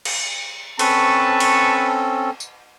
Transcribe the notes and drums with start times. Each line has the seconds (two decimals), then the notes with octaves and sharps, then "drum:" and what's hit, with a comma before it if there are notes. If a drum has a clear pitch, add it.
0.05 drum: cymbal
0.79 C4 C#4 A4 B4 A5 C#6, drum: cymbal
1.40 drum: cymbal
2.40 drum: tambourine